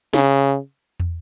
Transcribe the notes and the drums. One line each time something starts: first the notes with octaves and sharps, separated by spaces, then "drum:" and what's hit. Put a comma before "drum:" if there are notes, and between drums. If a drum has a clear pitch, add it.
C#3, drum: snare
drum: tom